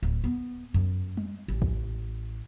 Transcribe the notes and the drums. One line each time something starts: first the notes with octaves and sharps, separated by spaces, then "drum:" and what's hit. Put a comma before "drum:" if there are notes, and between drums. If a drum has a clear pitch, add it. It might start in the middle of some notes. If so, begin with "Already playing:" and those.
D1
B3
F#2
drum: tom G3
A1
drum: kick